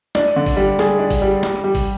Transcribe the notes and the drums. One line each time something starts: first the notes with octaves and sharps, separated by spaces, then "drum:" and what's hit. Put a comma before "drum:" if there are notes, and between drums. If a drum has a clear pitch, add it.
D4, drum: snare
D3
drum: kick G#1, open hi-hat
G3
G#4, drum: snare
D4
drum: kick G#1, open hi-hat
G3
G3, drum: snare
G3
drum: kick G#1, open hi-hat